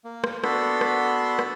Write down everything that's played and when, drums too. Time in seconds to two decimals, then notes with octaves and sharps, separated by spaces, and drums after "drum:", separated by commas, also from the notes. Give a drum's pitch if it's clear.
0.04 A#3
0.24 drum: rim click
0.44 B3 D4 F#4 A4 B5 C6, drum: rim click
0.81 drum: rim click
1.39 drum: rim click